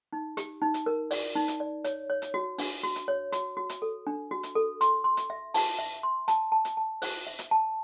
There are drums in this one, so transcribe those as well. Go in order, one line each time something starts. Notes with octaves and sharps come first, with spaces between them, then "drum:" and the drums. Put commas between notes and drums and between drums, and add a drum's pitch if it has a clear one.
D#4
G4, drum: hi-hat
D#4
drum: hi-hat
A#4
D5, drum: open hi-hat
D#4
drum: hi-hat
D5
C#5, drum: hi-hat
C#5
drum: hi-hat
F#4
D4, drum: open hi-hat
F#4
drum: hi-hat
C#5
F#4, drum: hi-hat
F#4
drum: hi-hat
A4
D4
F#4
drum: hi-hat
A4
C6, drum: hi-hat
C6
drum: hi-hat
E5
A5, drum: open hi-hat
E5
C6
A5, drum: hi-hat
A5
drum: hi-hat
A5
C5, drum: open hi-hat
E5
drum: hi-hat
A5